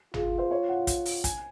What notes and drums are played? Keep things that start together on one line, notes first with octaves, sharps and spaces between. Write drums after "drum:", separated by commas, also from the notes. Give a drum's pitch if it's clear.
F4 G#4, drum: tom
C5
C#5
F#5
drum: kick, hi-hat
drum: open hi-hat
G#5, drum: kick, hi-hat